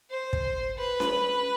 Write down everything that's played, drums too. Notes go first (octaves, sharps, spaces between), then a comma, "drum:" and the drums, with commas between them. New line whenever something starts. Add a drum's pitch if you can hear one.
C5
drum: kick
B4
drum: snare C#4